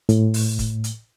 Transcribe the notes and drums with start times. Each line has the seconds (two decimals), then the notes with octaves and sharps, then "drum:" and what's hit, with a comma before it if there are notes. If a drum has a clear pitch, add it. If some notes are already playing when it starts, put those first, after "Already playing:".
0.09 A2, drum: hi-hat
0.34 drum: open hi-hat
0.59 drum: kick, hi-hat
0.84 drum: hi-hat